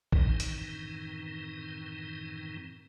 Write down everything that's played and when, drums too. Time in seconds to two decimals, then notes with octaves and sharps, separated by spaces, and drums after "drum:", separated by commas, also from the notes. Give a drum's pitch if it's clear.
0.12 F#2 A2 D#3 E3 C4 D#4, drum: kick
0.40 drum: hi-hat